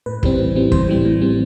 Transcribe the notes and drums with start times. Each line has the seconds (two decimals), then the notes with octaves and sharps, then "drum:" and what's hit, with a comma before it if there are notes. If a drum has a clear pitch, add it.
0.06 A2 B4
0.23 E3 G3 C4, drum: kick
0.39 A2
0.56 E3 G3 C4
0.72 A2 C5, drum: kick
0.89 E3 G3 C4
1.05 A2
1.21 E3 G3 C4